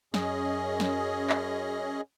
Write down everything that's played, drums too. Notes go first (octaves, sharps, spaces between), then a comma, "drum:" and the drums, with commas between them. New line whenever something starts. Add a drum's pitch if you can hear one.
F#2 C#4 G#4 D#5, drum: snare
drum: snare
drum: clap